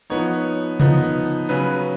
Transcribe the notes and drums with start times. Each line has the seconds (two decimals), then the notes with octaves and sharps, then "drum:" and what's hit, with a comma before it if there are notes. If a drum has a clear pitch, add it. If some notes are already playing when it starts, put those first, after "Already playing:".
0.10 F3 B3 D#4 C#5
0.80 F3 B3 D#4, drum: tom C3
1.49 C#3 F#3 C#4 B4